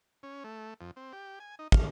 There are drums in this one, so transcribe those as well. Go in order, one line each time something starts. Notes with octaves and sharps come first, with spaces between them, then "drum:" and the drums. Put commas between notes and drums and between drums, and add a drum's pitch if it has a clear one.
C#4
A3
F2
C4
G4
G#5
D#4
F5, drum: kick